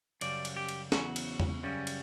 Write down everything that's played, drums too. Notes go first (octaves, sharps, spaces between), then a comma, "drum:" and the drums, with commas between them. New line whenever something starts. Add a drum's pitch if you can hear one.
F#2 C#3 G3 D5, drum: cymbal
drum: cymbal
G4
drum: cymbal
E2 C#3 F#3 F#4, drum: snare
drum: cymbal
drum: tom
F#2 C#3 G3 C#4
drum: cymbal